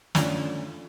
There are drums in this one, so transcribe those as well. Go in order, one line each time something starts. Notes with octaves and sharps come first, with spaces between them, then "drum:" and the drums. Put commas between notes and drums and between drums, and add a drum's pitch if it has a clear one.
A3 C#4 D4 F4, drum: snare